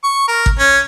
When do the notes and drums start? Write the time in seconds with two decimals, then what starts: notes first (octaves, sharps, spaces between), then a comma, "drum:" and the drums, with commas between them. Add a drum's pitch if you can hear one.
0.04 C#6
0.28 A#4
0.46 drum: kick G#1
0.59 C#4